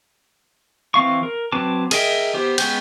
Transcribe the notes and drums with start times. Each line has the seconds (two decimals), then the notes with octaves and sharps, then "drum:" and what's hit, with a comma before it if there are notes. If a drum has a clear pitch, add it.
0.94 E3 C4 F5 C#6
1.23 A#4
1.52 F#3 C4 B4 A5 D6
1.91 G#4 A#4 D#5 E5 G5, drum: cymbal
2.34 B3 G4 C5
2.58 G#3 B3 C#4 G5 G6, drum: cymbal